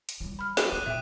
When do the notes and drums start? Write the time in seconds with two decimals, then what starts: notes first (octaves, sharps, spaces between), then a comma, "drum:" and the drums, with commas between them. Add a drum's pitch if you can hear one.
0.09 drum: hi-hat
0.20 F#3 G3
0.39 B5 F6
0.57 D#6 D#7, drum: snare
0.72 A#3 D6 F#6 D#7
0.86 B2 E5 G5